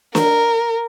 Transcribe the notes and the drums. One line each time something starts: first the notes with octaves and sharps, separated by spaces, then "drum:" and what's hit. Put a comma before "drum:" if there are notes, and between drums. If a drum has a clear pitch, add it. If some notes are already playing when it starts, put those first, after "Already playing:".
A#4, drum: snare